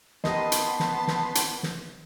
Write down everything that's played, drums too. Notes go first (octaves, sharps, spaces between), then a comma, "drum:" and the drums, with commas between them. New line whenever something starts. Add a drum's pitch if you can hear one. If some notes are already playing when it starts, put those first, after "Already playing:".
B3 G4 A#4 B4 D#5 A5 C6, drum: snare
drum: hi-hat
drum: snare
drum: snare
drum: hi-hat
drum: snare